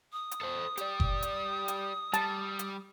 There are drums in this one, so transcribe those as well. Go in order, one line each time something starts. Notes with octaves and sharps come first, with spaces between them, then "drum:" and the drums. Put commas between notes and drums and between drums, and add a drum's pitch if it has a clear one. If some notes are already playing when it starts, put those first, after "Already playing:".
D#6
drum: hi-hat
A4 C5
G4 D5, drum: hi-hat
drum: kick F#1
drum: hi-hat
drum: hi-hat
G3 A5, drum: hi-hat
drum: hi-hat